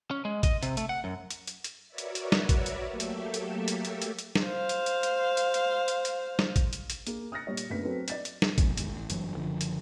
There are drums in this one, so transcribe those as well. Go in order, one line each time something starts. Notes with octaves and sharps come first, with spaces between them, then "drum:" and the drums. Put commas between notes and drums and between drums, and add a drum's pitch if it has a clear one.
C#4
G#3
D#5, drum: kick A1, hi-hat
C3, drum: hi-hat
A3, drum: hi-hat
F#5
F#2
drum: hi-hat
drum: hi-hat
drum: hi-hat
F#4 A#4 B4 C#5 D5 E5
drum: hi-hat
drum: hi-hat
drum: snare
drum: kick A1, hi-hat
drum: hi-hat
F#3 A3 A#3 G4 A4 E5
drum: hi-hat
drum: hi-hat
drum: hi-hat
drum: hi-hat
drum: hi-hat
drum: hi-hat
drum: snare
C5 F5
drum: hi-hat
drum: hi-hat
drum: hi-hat
drum: hi-hat
drum: hi-hat
drum: hi-hat
drum: hi-hat
drum: snare
drum: kick A1, hi-hat
drum: hi-hat
drum: hi-hat
A#3 G#4, drum: hi-hat
D#6 F6 F#6 A6 A#6 C#7
A#2 G3 C#5
drum: hi-hat
F#1 D2 B3 B6
F#3 C4 A4 B4
D5 A6 B6, drum: hi-hat
drum: hi-hat
drum: snare
D#1 F2 G#2, drum: kick A1, hi-hat
G1 D#2 G#2, drum: hi-hat
A1
F#1 G2 E3 F#3, drum: hi-hat
F#1 D3 F3
drum: hi-hat